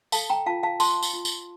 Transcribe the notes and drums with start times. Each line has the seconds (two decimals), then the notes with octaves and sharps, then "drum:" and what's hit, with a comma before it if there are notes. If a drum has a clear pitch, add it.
0.12 A4 F5 A5, drum: tambourine
0.30 G5 A#5
0.46 F4 F5 A5
0.63 F5 A5
0.80 C5 A5 C6, drum: tambourine
1.03 drum: tambourine
1.13 F4
1.25 drum: tambourine